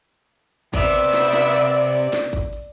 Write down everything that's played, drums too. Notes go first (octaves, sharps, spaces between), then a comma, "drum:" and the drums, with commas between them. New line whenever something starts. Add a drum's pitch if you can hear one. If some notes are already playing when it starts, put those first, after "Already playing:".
C3 B3 D5 E5, drum: kick G#1
drum: hi-hat
drum: snare
drum: snare
drum: hi-hat
drum: hi-hat
drum: hi-hat
drum: snare
drum: kick G#1, hi-hat
drum: hi-hat